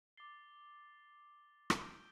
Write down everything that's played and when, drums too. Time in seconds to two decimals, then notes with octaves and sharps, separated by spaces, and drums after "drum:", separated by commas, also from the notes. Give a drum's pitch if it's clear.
0.17 D6 A6 C7 G7
1.70 G6 D7 G7, drum: rim click